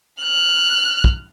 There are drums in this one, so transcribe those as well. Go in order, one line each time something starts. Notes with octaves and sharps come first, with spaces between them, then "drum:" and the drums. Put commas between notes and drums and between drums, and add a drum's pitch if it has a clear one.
F6 F#6
drum: kick